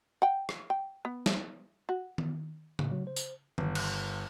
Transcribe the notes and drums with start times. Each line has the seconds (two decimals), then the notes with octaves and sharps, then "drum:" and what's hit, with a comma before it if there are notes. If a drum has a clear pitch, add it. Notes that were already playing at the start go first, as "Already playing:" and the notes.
0.22 F#5 G5
0.49 drum: rim click
0.70 G5
1.05 B3
1.26 drum: snare
1.89 F#4
2.18 drum: tom D#3
2.79 A2, drum: tom C#3
2.91 F#3
3.07 C5
3.16 drum: tambourine
3.58 G1, drum: tom D#3
3.75 drum: cymbal